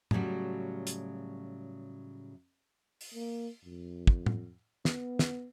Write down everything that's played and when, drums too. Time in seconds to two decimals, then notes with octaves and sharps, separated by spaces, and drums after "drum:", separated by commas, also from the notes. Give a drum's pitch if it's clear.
0.11 A2 C#3 F#3 G3 F#4, drum: tom A2
0.87 drum: hi-hat
3.01 drum: open hi-hat
3.14 A#3
3.64 F2
4.07 drum: kick
4.26 drum: tom A2
4.85 B3, drum: snare
5.19 drum: snare